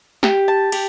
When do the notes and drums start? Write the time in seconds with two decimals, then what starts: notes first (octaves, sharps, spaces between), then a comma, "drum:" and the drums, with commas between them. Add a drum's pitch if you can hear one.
0.23 G4, drum: snare
0.48 A5
0.72 G4, drum: cymbal